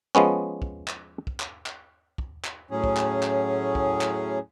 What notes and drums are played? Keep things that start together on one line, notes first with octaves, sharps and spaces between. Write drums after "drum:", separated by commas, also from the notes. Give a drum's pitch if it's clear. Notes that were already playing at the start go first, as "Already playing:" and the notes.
F3 G#3 B3 C#4
drum: kick
drum: clap
drum: kick
drum: clap
drum: clap
drum: kick
drum: clap
A2 F#3 C#4 G#4
drum: kick
drum: clap
drum: clap
drum: kick
drum: clap